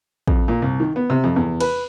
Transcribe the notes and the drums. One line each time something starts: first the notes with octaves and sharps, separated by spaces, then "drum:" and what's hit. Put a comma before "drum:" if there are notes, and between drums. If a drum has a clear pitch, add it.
F2, drum: kick
A#2
C2
D#3
B3
C3
F2
E2
B4, drum: cymbal